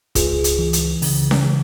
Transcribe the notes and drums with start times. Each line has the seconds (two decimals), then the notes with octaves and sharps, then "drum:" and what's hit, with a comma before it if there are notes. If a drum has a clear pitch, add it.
0.15 C#2 F4 G#4, drum: kick, hi-hat
0.44 drum: hi-hat
0.59 E3
0.73 drum: hi-hat
1.02 C#3, drum: open hi-hat
1.31 drum: snare C#4
1.46 E3